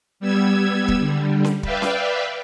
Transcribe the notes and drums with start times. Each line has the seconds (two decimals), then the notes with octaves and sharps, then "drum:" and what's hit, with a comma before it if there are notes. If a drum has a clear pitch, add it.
0.20 G3 B3 E6 G#6
0.88 drum: kick
0.99 D3 G3
1.44 drum: snare C#4
1.63 B4 D5 E5 F5 G5, drum: kick
1.82 drum: snare C#4